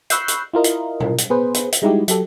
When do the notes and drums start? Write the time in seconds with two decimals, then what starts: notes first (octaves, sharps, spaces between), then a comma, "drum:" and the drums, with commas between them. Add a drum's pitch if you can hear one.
0.10 B5 C#6 E6 F#6 G6 C7, drum: hi-hat
0.28 drum: hi-hat
0.54 E4 F4 A#4 D#5
0.64 drum: hi-hat
1.00 drum: tom B2
1.18 drum: hi-hat
1.30 B3 G#4 B4 C5
1.54 drum: hi-hat
1.72 drum: hi-hat
1.82 G3 G#3 D#4 E4 F#4 G4
2.08 F#3 G4 A4, drum: hi-hat